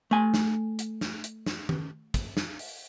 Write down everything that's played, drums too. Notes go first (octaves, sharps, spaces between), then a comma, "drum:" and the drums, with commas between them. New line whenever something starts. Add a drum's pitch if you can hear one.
A3 G#5
drum: snare
drum: hi-hat
drum: snare
drum: hi-hat
drum: snare
drum: tom D#3
drum: kick, hi-hat
drum: snare
drum: open hi-hat